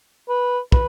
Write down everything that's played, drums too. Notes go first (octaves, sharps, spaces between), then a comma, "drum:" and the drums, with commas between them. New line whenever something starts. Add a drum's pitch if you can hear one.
B4
B4, drum: kick